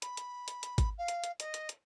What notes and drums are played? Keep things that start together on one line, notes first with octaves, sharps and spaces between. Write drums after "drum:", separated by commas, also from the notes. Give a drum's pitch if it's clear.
B5, drum: hi-hat
drum: hi-hat
drum: hi-hat
drum: hi-hat
drum: kick G#1, hi-hat
F5
drum: hi-hat
drum: hi-hat
D#5, drum: hi-hat
drum: hi-hat
drum: hi-hat